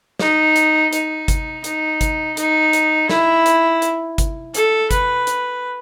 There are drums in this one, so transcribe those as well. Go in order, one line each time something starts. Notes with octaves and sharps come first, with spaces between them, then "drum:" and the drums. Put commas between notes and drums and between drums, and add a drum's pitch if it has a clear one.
D#4, drum: snare
drum: hi-hat
D#4, drum: hi-hat
drum: kick G1, hi-hat
D#4, drum: hi-hat
drum: kick G1, hi-hat
D#4, drum: hi-hat
drum: hi-hat
E4, drum: snare
drum: hi-hat
drum: hi-hat
drum: kick G1, hi-hat
A4, drum: hi-hat
B4, drum: kick G1, hi-hat
drum: hi-hat